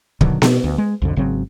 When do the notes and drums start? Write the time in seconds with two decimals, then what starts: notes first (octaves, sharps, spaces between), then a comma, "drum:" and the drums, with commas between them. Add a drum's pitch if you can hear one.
0.21 B2 D3 D#3 F#3, drum: kick
0.42 B2, drum: snare B3
0.64 D2
0.78 G#3
1.02 B1 F2 D3
1.16 G#1 C#3 F#3 C4